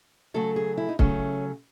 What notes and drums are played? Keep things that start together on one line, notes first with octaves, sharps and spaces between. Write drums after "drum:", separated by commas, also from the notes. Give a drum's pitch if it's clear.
C#3 F#3 A3 A4
G#4
E4
D#4
C#3 F#3 A3 C#4, drum: kick